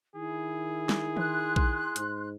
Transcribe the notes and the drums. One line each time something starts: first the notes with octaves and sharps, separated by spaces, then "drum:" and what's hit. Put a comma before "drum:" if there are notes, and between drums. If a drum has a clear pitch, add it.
D#3 E4 G#4
drum: snare
C6 F#6, drum: tom D#3
drum: kick A#1
G#2, drum: hi-hat